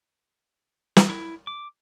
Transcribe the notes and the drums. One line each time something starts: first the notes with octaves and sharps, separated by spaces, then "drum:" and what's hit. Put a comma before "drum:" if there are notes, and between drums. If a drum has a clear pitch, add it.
drum: snare
E4
D6